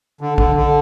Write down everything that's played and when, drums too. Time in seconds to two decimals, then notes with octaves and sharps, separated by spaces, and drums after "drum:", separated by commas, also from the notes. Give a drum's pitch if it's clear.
0.21 D3
0.38 D3, drum: kick
0.56 D3